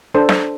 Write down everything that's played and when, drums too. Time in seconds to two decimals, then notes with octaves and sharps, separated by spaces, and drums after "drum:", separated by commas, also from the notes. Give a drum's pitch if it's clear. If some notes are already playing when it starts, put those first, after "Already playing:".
0.14 D4 A4 C5
0.29 drum: snare